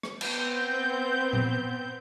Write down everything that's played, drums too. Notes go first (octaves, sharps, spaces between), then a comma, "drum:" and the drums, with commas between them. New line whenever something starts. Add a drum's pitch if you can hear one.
drum: rim click
B3 C4 G6, drum: cymbal
drum: tom A#2